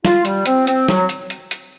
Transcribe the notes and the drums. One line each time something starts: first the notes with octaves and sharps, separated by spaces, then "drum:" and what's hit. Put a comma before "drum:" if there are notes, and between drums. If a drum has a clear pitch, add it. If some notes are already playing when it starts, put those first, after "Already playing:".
F4, drum: snare
G3, drum: hi-hat
C4, drum: hi-hat
C4, drum: hi-hat
F#3, drum: snare
drum: hi-hat
drum: hi-hat
drum: hi-hat